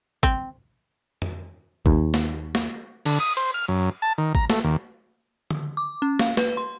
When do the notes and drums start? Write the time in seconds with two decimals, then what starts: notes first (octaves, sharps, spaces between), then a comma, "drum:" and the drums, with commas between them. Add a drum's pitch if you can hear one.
0.23 C4, drum: kick
1.22 drum: tom F2
1.86 D#2, drum: kick
2.14 drum: snare
2.55 drum: snare
3.06 D3, drum: cymbal
3.20 D#6
3.37 C5, drum: hi-hat
3.54 F6
3.68 F#2
4.02 A5
4.18 D#3
4.35 A#5, drum: kick
4.50 A3, drum: snare
4.64 D#2
5.51 drum: tom D3
5.77 D6
6.02 C#4
6.19 F5, drum: snare
6.37 B4, drum: snare
6.57 C6